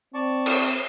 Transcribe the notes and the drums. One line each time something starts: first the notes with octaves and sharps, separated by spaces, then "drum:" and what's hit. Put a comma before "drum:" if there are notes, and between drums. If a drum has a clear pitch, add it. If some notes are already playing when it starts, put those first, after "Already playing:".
C4 D5 A5 C#6
drum: cymbal